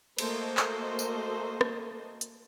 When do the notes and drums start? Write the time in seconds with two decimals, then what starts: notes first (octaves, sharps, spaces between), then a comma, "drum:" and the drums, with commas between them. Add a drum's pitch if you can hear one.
0.18 A3 A#3 F#4 A4 C5 D#5, drum: cymbal
0.57 drum: clap
0.99 drum: tambourine
1.61 drum: rim click
2.21 drum: hi-hat